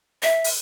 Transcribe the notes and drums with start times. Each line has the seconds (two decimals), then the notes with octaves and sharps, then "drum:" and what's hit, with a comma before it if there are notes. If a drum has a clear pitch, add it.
0.23 E5
0.44 drum: open hi-hat